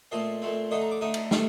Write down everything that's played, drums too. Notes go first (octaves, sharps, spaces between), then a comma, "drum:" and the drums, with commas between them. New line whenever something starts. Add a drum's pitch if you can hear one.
A#2 A3 C4 D#5
A#2 A3 C4
D3 A3 D#4 D#5
A#5
D6
D3 A3 D#4 D#6
drum: cymbal
C3 D#3 A3, drum: snare